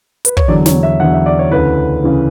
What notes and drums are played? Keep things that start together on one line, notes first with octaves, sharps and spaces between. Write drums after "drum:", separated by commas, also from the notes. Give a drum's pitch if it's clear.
B4, drum: hi-hat
C#5, drum: kick
E2 D3 F#3 D5
C#5, drum: snare
E5
E2 D3 F#3 F#5
E5
D5
C#5
D2 C#3 E3 B4
C#3 E3